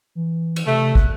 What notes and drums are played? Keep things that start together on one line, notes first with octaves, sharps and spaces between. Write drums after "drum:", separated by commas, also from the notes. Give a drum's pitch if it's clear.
E3
drum: cymbal
C3 A3
F#6, drum: kick